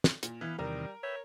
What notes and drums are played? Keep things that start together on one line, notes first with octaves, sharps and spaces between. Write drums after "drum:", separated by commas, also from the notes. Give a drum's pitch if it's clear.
drum: snare
A#2, drum: hi-hat
E3 B3 F5
E2 C3 D#3 G3 A#4
B4 C#5 E5 G5